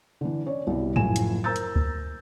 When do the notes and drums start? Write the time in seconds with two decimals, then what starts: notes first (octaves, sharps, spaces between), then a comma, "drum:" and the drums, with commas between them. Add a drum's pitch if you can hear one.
0.21 D3 E3
0.46 C#4 C#5 D5
0.67 C2 B2 G3
0.96 F#1 A2 F3 G#5 E7, drum: tom A2
1.16 drum: hi-hat
1.44 A#4 C5 A#5 E6 G6 A6
1.56 drum: hi-hat
1.76 drum: kick D2